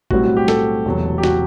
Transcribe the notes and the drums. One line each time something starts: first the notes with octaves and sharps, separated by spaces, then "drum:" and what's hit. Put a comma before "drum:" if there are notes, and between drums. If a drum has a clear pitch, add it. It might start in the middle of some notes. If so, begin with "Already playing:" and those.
B1 A2 G3 C4 F#4, drum: kick G#1
F#4
G4
A4, drum: snare
E1 E2 C3 F#3 A3
G4
F#4, drum: snare